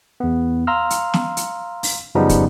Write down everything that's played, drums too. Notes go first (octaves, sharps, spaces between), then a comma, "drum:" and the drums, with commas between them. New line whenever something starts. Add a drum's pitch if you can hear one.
E2 B3
F5 A#5 C6 E6 F6
drum: hi-hat
drum: snare
drum: hi-hat
drum: open hi-hat
F#2 C#3 F3 G3 B3 D#4
drum: kick, hi-hat